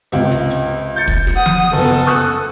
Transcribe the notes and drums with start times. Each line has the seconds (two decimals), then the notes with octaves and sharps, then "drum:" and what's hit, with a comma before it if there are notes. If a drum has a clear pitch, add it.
0.12 C#2 C3, drum: hi-hat
0.31 drum: snare
0.50 drum: hi-hat
0.96 G6 A6 C#7
1.08 drum: kick
1.27 drum: snare
1.36 F#5 D#6
1.46 drum: tom F3
1.73 F#1 B3 A4
1.84 drum: snare
2.07 C#6 D#6 F#6